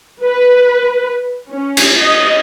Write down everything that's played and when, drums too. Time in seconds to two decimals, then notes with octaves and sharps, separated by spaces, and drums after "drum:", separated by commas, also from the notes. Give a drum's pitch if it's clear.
0.23 B4
1.51 C#4
1.77 drum: cymbal
1.98 D#5